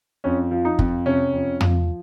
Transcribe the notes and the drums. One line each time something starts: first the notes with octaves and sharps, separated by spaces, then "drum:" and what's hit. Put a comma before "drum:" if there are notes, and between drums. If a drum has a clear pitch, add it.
F2 C#4
F3
D#4
F2, drum: kick
C3 C#4
F2
F3, drum: tom